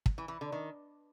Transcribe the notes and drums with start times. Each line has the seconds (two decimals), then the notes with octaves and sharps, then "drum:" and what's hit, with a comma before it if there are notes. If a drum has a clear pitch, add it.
0.06 drum: kick
0.18 E3
0.28 E3
0.41 D3
0.52 D#3